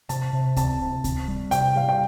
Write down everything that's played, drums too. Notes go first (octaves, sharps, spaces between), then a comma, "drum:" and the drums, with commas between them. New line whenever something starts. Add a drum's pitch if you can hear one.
C3 A5, drum: hi-hat
C3
C4 A5, drum: kick C#2, hi-hat
C3
C4, drum: kick C#2, hi-hat
G3
C3 G5, drum: hi-hat
G3 F5
G5